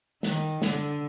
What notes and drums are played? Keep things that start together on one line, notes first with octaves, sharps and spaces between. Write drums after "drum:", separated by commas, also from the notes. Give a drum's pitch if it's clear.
D#3, drum: snare
D3, drum: snare